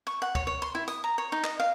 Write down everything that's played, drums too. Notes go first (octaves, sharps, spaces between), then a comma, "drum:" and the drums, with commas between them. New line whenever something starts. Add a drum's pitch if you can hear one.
C#6
F#5
C#5, drum: kick C#2
C#5
C6
E4
D#6, drum: tambourine
A#5
C#5
D#4
D#5, drum: clap
F5